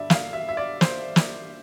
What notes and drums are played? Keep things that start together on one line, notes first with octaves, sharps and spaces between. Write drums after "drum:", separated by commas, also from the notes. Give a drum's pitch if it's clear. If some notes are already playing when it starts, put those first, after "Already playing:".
Already playing: G2 D3 G3 D5 E5
F5, drum: snare
E5
E5
D5
C5, drum: snare
drum: snare